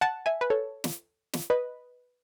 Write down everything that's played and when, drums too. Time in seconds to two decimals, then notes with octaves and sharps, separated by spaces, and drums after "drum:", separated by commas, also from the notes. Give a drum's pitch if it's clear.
0.01 F#5 A5
0.26 E5 G#5
0.41 B4
0.50 A4 C#5
0.84 drum: snare
1.33 drum: snare
1.50 B4 D#5